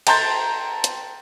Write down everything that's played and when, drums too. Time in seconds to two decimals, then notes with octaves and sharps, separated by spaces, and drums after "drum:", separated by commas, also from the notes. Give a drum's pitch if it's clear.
0.07 G5 A5 A#5 C6 G6 A6, drum: cymbal
0.84 drum: hi-hat